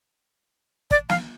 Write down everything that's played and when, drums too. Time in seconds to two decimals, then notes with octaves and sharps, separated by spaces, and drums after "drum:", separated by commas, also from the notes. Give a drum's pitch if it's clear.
0.91 D5, drum: kick
1.09 F5, drum: snare